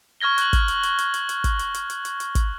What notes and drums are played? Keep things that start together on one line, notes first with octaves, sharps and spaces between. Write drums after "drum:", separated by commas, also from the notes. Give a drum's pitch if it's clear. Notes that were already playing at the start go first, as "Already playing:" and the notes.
C#6 F6 G#6 A#6 G7
F#6 F#7, drum: hi-hat
drum: kick, hi-hat
drum: hi-hat
drum: hi-hat
drum: hi-hat
drum: hi-hat
drum: hi-hat
drum: kick, hi-hat
drum: hi-hat
drum: hi-hat
drum: hi-hat
drum: hi-hat
drum: hi-hat
drum: kick, hi-hat